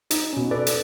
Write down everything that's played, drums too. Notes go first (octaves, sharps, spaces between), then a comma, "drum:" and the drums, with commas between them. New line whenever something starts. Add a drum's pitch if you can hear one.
D#4, drum: hi-hat
B2 C#4
A4 B4 D5
drum: hi-hat